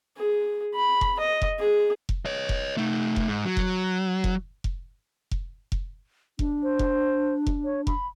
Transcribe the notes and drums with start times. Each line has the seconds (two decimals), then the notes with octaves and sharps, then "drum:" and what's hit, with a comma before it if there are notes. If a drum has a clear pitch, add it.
0.17 G#4
0.75 B5
1.01 drum: kick F1
1.20 D#5
1.42 drum: kick F1
1.59 G#4
2.09 drum: kick F1
2.25 C#5 D#5
2.49 drum: kick F1
2.77 A3 D#4
3.16 drum: kick F1
3.28 G#2
3.46 F#3
3.57 drum: kick F1
4.24 drum: kick F1
4.64 drum: kick F1
5.31 drum: kick F1
5.72 drum: kick F1
6.39 D4, drum: kick F1
6.63 C5
6.79 drum: kick F1
7.47 drum: kick F1
7.64 C#5
7.87 B5, drum: kick F1